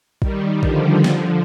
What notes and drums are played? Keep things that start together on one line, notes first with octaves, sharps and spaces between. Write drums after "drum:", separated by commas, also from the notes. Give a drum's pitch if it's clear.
D#3 G3, drum: kick A#1
D3 F3, drum: kick A#1
D3 F3, drum: snare